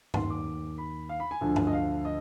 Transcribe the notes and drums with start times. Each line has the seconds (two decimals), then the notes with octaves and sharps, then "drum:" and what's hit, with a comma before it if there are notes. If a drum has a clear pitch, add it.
0.14 D#2 D#3 C6, drum: tom G2
0.30 D6
0.78 B5
1.09 F5
1.20 B5
1.31 G#5
1.41 D2 D3 F3
1.56 drum: tom G2
1.67 D#5
1.73 F5
2.05 D#5